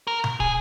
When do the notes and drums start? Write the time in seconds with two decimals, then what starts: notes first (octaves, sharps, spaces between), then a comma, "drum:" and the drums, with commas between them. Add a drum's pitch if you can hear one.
0.07 A#4
0.24 drum: tom B2
0.40 G#4, drum: kick